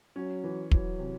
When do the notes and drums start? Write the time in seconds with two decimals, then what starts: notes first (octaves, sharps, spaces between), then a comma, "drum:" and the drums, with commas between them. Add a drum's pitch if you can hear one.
0.16 F#3 C#4
0.44 E3
0.71 E3 F#3, drum: kick
0.99 C3